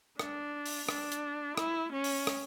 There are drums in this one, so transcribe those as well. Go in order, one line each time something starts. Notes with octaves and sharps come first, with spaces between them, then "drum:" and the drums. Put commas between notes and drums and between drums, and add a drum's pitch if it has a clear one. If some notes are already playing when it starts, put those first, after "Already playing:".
D4, drum: rim click
drum: open hi-hat
D4, drum: rim click
drum: hi-hat
E4, drum: rim click
C#4
drum: open hi-hat
drum: rim click